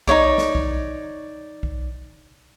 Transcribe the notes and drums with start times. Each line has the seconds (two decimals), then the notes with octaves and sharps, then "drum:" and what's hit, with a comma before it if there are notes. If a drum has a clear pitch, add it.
0.07 D#4 E4 C#5 D5, drum: kick B1
0.38 drum: snare
0.55 drum: kick B1
1.63 drum: kick B1